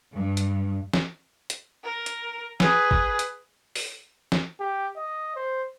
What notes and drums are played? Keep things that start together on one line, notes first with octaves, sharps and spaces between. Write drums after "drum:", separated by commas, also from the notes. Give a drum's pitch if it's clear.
G2
drum: hi-hat
drum: snare
drum: hi-hat
A#4
drum: hi-hat
G#4 B4, drum: snare
drum: kick
drum: hi-hat
drum: open hi-hat
drum: snare
G4
D#5
C5